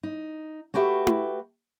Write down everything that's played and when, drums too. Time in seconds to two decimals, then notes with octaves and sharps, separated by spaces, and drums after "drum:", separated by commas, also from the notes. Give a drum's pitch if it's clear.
0.03 D#4
0.74 A3 F#4 G4 B4 E5
1.07 drum: tom E4